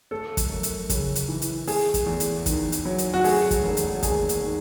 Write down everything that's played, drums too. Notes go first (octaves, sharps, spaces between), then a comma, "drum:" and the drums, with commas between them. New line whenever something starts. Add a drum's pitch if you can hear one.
A3 A4
drum: kick, hi-hat
F#2
drum: hi-hat
C#3, drum: kick, hi-hat
drum: hi-hat
E3
drum: hi-hat
A3 G#4, drum: open hi-hat
drum: kick, hi-hat
E2
drum: hi-hat
D#3, drum: kick, hi-hat
drum: hi-hat
F#3
drum: hi-hat
F#4
A3 G#4, drum: open hi-hat
drum: kick, hi-hat
E1
drum: hi-hat
D#2 G#4, drum: kick, hi-hat
drum: hi-hat
D#3